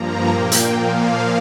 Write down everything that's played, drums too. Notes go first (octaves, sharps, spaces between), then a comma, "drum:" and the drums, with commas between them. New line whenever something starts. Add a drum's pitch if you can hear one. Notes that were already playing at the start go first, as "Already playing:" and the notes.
Already playing: G2 F3 A#3 A#5
A#2 A#3 G5
drum: hi-hat
A#2 F3 A#3 F5